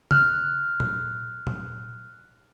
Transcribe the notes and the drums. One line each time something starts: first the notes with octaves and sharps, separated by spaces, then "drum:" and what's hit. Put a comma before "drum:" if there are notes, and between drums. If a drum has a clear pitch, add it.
F6 F#6, drum: tom C#3
drum: tom A#2
drum: tom A#2